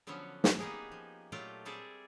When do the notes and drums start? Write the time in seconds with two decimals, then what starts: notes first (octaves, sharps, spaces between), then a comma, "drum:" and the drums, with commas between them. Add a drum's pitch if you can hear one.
0.07 D3 F3 F#3 B3 C#4
0.44 drum: snare
0.59 A#3 B3 D#4 G4 G#4
0.91 F3
1.32 A#2 F#3 A3 F4 G4 G5
1.65 G3 C4 G#4 A4 D5 E5